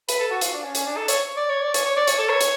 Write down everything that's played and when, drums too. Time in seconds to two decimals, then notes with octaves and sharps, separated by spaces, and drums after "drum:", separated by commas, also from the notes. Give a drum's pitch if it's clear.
0.09 B4, drum: hi-hat
0.20 A4
0.31 F#4
0.41 F4, drum: hi-hat
0.53 D4
0.64 C#4
0.75 C#4, drum: hi-hat
0.86 D4
0.97 A4
1.08 C#5, drum: hi-hat
1.37 D5
1.49 C#5
1.62 D5
1.74 C#5, drum: hi-hat
1.85 C#5
1.97 D5
2.08 C#5, drum: hi-hat
2.19 A4
2.30 C#5
2.41 drum: hi-hat